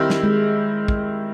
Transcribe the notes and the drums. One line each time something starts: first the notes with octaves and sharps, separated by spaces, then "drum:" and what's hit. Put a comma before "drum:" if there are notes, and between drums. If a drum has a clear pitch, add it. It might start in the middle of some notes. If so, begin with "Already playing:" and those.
Already playing: D#3 G3 C4 E4
drum: snare
G#3
drum: kick